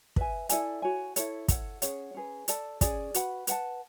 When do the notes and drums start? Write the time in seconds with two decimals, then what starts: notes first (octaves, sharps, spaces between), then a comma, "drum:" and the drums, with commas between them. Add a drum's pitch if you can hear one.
0.16 B4 E5 G#5, drum: kick
0.49 E4 A4 D5 G#5, drum: hi-hat
0.82 F#4 C#5 G#5
1.16 E4 A4 C#5, drum: hi-hat
1.48 A4 C#5 F#5, drum: kick, hi-hat
1.82 C#4 G#4 C#5 F#5, drum: hi-hat
2.14 C#4 G#4 B4
2.48 A4 D5 A5, drum: hi-hat
2.81 C#4 G#4 D5 G#5, drum: kick, hi-hat
3.14 F#4 B4 F#5 B5, drum: hi-hat
3.47 B4 F#5 A5, drum: hi-hat